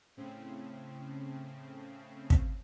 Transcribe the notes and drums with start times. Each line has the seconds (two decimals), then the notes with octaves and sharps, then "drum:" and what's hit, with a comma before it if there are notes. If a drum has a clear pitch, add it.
0.17 A2 C#3 C4
2.30 drum: kick